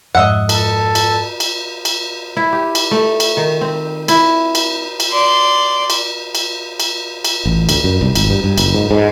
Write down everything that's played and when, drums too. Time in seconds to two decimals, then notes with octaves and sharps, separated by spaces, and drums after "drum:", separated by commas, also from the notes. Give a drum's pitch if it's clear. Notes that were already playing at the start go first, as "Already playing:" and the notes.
0.15 F2 G#2 D#5 E5 F#5
0.49 A4, drum: cymbal
0.95 drum: cymbal
1.40 drum: cymbal
1.85 drum: cymbal
2.37 E4
2.53 G4
2.75 drum: cymbal
2.91 A3
3.20 drum: cymbal
3.37 D#3
3.61 C4
4.08 E4, drum: cymbal
4.55 drum: cymbal
5.00 drum: cymbal
5.12 D5 C6
5.90 drum: cymbal
6.35 drum: cymbal
6.80 drum: cymbal
7.25 drum: cymbal
7.46 A1
7.69 D2, drum: cymbal
7.84 F#2
8.01 C2
8.15 G#1, drum: cymbal
8.30 G2
8.44 G2
8.58 F#1, drum: cymbal
8.74 G#2
8.91 G#2